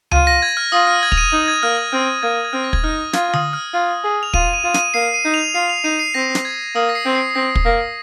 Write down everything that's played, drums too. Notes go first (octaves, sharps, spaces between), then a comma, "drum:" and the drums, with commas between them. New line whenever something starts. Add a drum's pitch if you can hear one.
F4 D#7, drum: tom C#2
A#6
G#6
F6
F4 D#6
F6
G#6
F7, drum: kick
D#7
D#4
G#6
A#3 F6
F6
C4 F6
A#3 G#6
G#6
C4 F6
A#6
G#6, drum: kick
D#4 F6
F4 G#6, drum: snare
D#6, drum: tom D3
F6
F4
G#4
F7
F4 D#7, drum: kick
D#7
F4
D#7, drum: snare
A#3 C7
D#7
D#4
F7
F4 C7
F7
D#4 D#7
C7
C4 A#6
drum: snare
G#6
A#3 D#6
A#6
C7
C4
C7
C7
C4 A#6
drum: kick
A#3 A#6